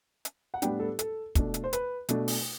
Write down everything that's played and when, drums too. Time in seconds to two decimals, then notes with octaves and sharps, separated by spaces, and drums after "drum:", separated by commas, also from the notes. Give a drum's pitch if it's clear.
0.25 drum: hi-hat
0.54 F#5
0.62 A2 G3 B3 D4 G5, drum: hi-hat
0.80 A4
0.99 A4, drum: hi-hat
1.35 B2 A3 D4, drum: kick, hi-hat
1.54 drum: hi-hat
1.64 C5
1.73 B4, drum: hi-hat
2.09 B2 A3 D4, drum: hi-hat
2.28 drum: open hi-hat